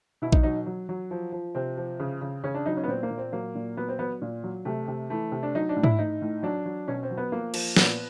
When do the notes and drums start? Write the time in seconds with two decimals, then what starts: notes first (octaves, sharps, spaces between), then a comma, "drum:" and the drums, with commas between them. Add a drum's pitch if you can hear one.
0.22 B2 E4
0.32 D#4, drum: kick A#1
0.43 F#3 D#4
0.66 F#3
0.89 F#3
1.11 F3
1.32 F3
1.55 C3 C4
1.78 F3
2.00 C#3
2.22 C#3
2.44 C#3 C#4
2.54 D4
2.66 F#3 D#4
2.77 C#4
2.84 B3
2.88 A#2 C4
3.03 A#3
3.10 A#2
3.18 C4
3.32 F#3 A#3
3.55 A#2
3.77 F#3 B3
3.89 C4
3.99 F#3 B3
4.22 A#2
4.44 F#3
4.65 C3 A3
4.88 C3
5.10 E3 A3
5.32 C3
5.43 D4
5.55 F#3 D#4
5.69 D4
5.76 A2
5.84 E4, drum: tom G#2
5.99 A2 D#4
6.22 A2
6.43 F#3 D4
6.66 F#3
6.88 B2 C#4
7.03 C4
7.11 F#3
7.17 B3
7.32 F3 A#3
7.54 F3, drum: cymbal
7.77 A#2 B3, drum: snare